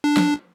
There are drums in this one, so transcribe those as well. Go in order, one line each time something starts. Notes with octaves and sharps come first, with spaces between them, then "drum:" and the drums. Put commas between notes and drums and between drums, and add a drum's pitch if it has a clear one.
D4
drum: snare